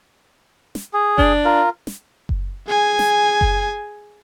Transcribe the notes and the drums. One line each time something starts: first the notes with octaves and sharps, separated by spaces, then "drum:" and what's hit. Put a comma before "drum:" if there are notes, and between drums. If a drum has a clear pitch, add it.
drum: snare
G#4
D4, drum: kick F#1
F4 A#4
drum: snare
drum: kick F#1
G#4 G#5
drum: snare
drum: kick F#1